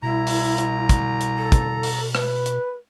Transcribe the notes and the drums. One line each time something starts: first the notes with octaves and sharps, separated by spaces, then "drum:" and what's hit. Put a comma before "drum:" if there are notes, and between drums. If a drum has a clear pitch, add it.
C2 B2 E4 A#5
drum: open hi-hat
drum: hi-hat
drum: kick, hi-hat
drum: hi-hat
A4
drum: kick, hi-hat
drum: open hi-hat
B4, drum: rim click
drum: hi-hat